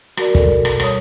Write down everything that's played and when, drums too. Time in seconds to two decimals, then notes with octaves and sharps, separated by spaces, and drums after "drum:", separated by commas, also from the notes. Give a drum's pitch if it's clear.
0.17 F#4 A#4 D5, drum: rim click
0.35 A4 A#4 D5, drum: kick, hi-hat
0.48 B2
0.65 drum: rim click
0.80 G3 C#5 D#6, drum: rim click